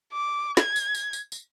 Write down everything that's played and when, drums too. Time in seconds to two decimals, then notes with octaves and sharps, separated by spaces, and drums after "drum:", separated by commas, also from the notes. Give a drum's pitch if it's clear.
0.12 D6
0.57 G#6, drum: snare
0.76 drum: tambourine
0.94 drum: tambourine
1.13 drum: tambourine
1.32 drum: tambourine